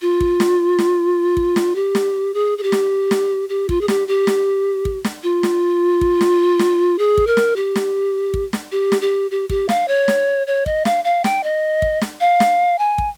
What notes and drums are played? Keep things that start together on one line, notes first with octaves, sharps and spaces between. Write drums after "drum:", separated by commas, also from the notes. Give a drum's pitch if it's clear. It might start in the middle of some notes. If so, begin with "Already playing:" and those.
F4
drum: kick
drum: snare
drum: snare
drum: kick
drum: snare
G4
drum: snare
G#4
G#4
G4
drum: snare
drum: snare
G4
F4, drum: kick
G#4
G4, drum: snare
G4
drum: snare
drum: kick
drum: snare
F4
drum: snare
drum: kick
drum: snare
drum: snare
G#4
drum: kick
A#4
drum: snare
G4
drum: snare
drum: kick
drum: snare
G4
drum: snare
G4
G4
G4, drum: kick
F5, drum: snare
C#5
drum: snare
C#5
D#5, drum: kick
F5, drum: snare
F5
G5, drum: snare
D#5
drum: kick
drum: snare
F5
drum: snare
G#5
drum: kick